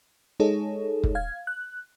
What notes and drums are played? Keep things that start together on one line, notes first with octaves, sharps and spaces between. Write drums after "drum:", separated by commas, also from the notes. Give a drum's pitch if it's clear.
G#3 D#4 G#4 A4 C#5
drum: kick
F5 G#6
F#6